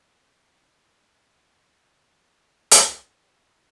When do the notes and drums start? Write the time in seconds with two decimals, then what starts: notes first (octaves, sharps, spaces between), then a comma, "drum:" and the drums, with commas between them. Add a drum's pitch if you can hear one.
0.12 F4 G#5
0.55 C3 F3 E4
1.07 A2
1.48 C#5
2.06 F3 A3 C#4 F#4
2.71 drum: hi-hat